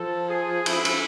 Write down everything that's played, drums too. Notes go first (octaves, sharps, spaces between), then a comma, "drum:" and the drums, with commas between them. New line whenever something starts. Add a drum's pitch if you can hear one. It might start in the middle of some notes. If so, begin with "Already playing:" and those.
Already playing: F3 A4
G#4
E4, drum: cymbal
drum: cymbal